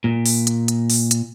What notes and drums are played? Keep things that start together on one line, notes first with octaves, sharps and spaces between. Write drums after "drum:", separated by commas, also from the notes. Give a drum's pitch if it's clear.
A#2
drum: open hi-hat
drum: hi-hat
drum: hi-hat
drum: open hi-hat
drum: hi-hat